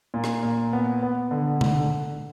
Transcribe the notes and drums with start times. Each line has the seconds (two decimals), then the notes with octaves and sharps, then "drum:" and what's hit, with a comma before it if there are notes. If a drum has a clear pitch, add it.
0.14 A#2
0.24 drum: rim click
0.43 A#2
0.73 B3
1.03 B3
1.31 D3
1.61 D3, drum: tom C3